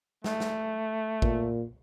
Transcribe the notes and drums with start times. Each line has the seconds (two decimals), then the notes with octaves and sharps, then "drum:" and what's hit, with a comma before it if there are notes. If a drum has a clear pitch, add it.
0.24 A3, drum: snare
0.40 drum: snare
1.22 A#2, drum: kick G#1